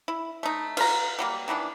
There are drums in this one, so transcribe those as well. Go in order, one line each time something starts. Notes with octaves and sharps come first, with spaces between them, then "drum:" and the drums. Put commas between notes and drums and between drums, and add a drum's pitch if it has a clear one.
E4
A3 D#4
F4 A#5, drum: cymbal
F#3 G3 A#3
D#3 E3 B3 D4